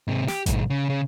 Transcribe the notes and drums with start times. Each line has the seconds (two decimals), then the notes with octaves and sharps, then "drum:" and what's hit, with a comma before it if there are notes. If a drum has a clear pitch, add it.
0.07 G#2 C3
0.28 G4, drum: snare
0.46 B1 G#2, drum: kick A1, hi-hat
0.70 C#3
0.90 C#3